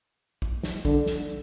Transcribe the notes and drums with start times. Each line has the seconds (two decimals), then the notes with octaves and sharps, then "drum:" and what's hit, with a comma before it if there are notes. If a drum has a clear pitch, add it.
0.42 drum: kick
0.63 drum: snare
0.85 D3, drum: kick
1.06 drum: snare